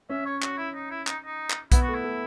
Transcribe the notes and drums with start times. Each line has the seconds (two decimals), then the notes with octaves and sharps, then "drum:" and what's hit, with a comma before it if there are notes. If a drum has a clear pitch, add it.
0.09 C#4 E5
0.25 C#5
0.42 F#4, drum: clap
0.57 E4
0.75 D#4
0.91 E4
1.07 D#4, drum: clap
1.25 D#4
1.50 drum: clap
1.72 B3 E4, drum: kick B1, hi-hat
1.82 F#4
1.88 A3
1.94 E4
2.04 A3